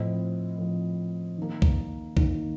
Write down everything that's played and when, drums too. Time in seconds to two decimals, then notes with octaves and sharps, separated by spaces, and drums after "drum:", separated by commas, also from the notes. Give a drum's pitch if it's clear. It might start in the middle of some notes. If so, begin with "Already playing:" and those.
Already playing: A2 F3 C4 D#5
0.58 A2 F3 C4
1.38 D#3 A#3
1.62 drum: kick C2
2.17 D#3 A#3, drum: kick C2